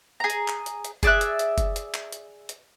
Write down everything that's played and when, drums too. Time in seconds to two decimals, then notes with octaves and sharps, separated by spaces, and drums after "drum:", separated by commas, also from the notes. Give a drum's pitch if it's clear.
0.20 G#4 A#5
0.30 drum: hi-hat
0.48 drum: clap
0.66 drum: hi-hat
0.85 drum: hi-hat
1.03 G#4 D5 E5 F#6, drum: kick F#1, hi-hat
1.21 drum: hi-hat
1.39 drum: hi-hat
1.58 drum: kick F#1, hi-hat
1.76 drum: hi-hat
1.94 drum: clap
2.12 drum: hi-hat
2.49 drum: hi-hat